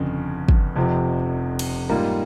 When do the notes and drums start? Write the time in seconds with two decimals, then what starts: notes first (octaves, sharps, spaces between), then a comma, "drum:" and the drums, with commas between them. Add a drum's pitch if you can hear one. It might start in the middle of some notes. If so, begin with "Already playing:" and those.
Already playing: G1 F2 C#3
0.48 drum: kick
0.76 F1 F2 C3 F3 C4
1.59 drum: cymbal
1.90 G#2 G3 A#3 F4